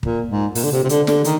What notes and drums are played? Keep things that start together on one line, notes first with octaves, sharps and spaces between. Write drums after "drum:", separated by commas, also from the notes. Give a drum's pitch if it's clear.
A#2, drum: kick
G#2
A#2, drum: open hi-hat
D3
C3
C3
D3, drum: hi-hat
D3, drum: snare
D#3, drum: hi-hat